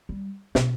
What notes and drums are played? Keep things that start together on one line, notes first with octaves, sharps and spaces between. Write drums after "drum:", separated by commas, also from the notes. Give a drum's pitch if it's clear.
G3
B2, drum: snare